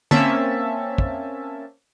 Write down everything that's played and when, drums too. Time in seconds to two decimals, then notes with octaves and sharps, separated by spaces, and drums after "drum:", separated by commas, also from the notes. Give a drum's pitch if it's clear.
0.11 A#3 C4 C#4 E5 A5, drum: tom
0.98 drum: kick